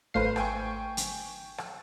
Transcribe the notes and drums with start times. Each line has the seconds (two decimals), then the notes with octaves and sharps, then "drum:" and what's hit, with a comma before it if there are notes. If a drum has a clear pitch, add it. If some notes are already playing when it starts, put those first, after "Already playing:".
0.14 G#1 A3 B4 C5 F5 C7
0.36 G5 G#5 C#6, drum: rim click
0.97 drum: hi-hat
1.58 drum: rim click